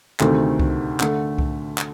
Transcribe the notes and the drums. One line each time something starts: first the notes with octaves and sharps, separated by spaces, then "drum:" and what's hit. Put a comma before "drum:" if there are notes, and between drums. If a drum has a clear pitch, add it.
D2 C3 D#3 A3, drum: clap
drum: kick C2
D3 A3, drum: clap
drum: kick C2
drum: clap